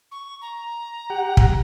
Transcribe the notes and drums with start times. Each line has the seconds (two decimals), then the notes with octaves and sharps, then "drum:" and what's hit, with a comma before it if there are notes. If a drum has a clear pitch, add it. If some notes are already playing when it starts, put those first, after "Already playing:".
0.12 C#6
0.42 A#5
1.10 G4 F#5
1.37 drum: kick